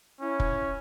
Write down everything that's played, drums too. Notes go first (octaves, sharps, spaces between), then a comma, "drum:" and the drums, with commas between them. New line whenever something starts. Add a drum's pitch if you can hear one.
C#4 E4
drum: kick